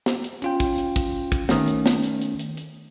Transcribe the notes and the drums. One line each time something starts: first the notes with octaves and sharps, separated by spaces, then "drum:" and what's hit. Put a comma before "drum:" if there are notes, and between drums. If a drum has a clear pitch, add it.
drum: snare
drum: hi-hat
C#4 F4 G5, drum: hi-hat
drum: kick, open hi-hat
drum: hi-hat
drum: kick, hi-hat
drum: kick, hi-hat
D#3 A3 C#4, drum: snare
drum: hi-hat
drum: snare
drum: hi-hat
drum: hi-hat
drum: hi-hat
drum: hi-hat